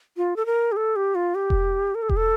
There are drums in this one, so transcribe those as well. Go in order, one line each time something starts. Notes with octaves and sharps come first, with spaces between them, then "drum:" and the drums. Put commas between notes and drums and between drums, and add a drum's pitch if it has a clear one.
F4
A4
A#4
G4
A4
G4
F4
G4
drum: kick E1
A#4
A4
G4, drum: kick E1
A4